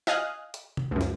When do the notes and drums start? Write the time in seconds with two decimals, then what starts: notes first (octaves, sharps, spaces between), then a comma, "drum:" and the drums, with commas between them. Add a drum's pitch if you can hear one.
0.07 D#5 F5 G#5 D#6 F6 F#6, drum: snare
0.54 drum: hi-hat
0.77 drum: tom C3
0.91 C#2 F#2
1.01 drum: snare